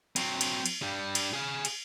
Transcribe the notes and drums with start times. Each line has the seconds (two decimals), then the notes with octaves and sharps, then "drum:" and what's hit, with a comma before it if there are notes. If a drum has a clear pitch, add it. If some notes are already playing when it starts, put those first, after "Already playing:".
0.16 F#3 C4, drum: cymbal
0.41 drum: cymbal
0.66 drum: cymbal
0.82 G2 G3
1.15 drum: cymbal
1.33 G#4 F5
1.65 drum: cymbal